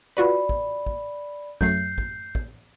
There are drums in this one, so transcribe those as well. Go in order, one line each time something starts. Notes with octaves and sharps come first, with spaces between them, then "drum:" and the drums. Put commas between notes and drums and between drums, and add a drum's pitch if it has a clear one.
F4 F#4 B4 D5 B5
drum: kick
drum: kick
F#2 F#3 A3 G6 C7, drum: kick
drum: kick
drum: kick